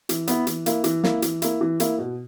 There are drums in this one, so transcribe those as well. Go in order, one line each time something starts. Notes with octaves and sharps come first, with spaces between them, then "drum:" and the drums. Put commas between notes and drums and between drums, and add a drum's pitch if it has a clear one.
E3, drum: hi-hat
B3 E4, drum: hi-hat
E3, drum: hi-hat
A#3 E4, drum: hi-hat
E3, drum: hi-hat
A#3 E4, drum: snare
E3, drum: hi-hat
A#3 E4, drum: hi-hat
E3
A#3 E4, drum: hi-hat
B2